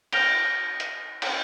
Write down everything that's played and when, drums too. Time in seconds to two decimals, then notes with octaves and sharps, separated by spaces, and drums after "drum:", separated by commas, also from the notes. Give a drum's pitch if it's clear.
0.13 F6 G6 A#6 D7 F7 G7, drum: cymbal
0.80 drum: hi-hat
1.22 drum: cymbal